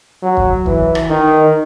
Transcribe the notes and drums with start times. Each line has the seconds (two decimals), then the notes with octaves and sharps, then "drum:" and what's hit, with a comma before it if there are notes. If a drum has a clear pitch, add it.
0.23 F#3
0.37 drum: kick
0.66 E3, drum: kick
0.95 drum: rim click
1.10 D#3